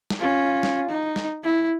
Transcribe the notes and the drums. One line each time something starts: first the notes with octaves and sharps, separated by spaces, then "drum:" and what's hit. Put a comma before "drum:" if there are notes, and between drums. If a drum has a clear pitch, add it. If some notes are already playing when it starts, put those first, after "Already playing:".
drum: snare
C#4 F4
drum: snare
D#4
drum: snare
E4